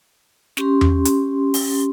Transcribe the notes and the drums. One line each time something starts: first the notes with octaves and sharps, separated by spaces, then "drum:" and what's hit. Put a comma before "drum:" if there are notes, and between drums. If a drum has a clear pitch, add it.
C#4 G4 C6, drum: snare
drum: tom E2
drum: hi-hat
drum: open hi-hat